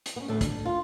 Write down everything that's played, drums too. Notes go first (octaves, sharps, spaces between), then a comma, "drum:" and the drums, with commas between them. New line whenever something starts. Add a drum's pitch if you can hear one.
drum: hi-hat
B3 C#4
D2 A2 A4
D4, drum: kick, hi-hat
F4